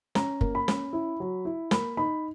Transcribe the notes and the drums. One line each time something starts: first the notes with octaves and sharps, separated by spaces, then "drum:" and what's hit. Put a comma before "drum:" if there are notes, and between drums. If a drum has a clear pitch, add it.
C#4 A#5, drum: snare
A#3, drum: kick
B5
C#4, drum: snare
E4
F#3
E4
A#3 B5, drum: snare
D#4 B5